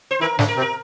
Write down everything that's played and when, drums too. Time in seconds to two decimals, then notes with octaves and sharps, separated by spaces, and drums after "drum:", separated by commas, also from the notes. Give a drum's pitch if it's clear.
0.11 C5
0.21 E3 E4 A#4
0.39 D3 D4, drum: snare
0.48 A#4
0.57 C3 C4
0.61 A#4